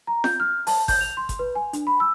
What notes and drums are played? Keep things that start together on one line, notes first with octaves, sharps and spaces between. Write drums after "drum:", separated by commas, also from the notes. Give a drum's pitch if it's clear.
A#5
G6, drum: snare
F6
A5, drum: open hi-hat
G6, drum: kick G1, open hi-hat
F7
C6
drum: kick G1, hi-hat
B4
G#5
D4, drum: hi-hat
B5
E6